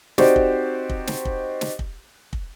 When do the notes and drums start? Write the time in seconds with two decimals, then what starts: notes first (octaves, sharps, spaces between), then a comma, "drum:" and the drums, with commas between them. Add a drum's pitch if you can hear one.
0.18 C4 D#4 F#4 G4 C5 D5, drum: snare
0.36 drum: kick
0.90 drum: kick
1.07 drum: snare
1.25 drum: kick
1.61 drum: snare
1.79 drum: kick
2.33 drum: kick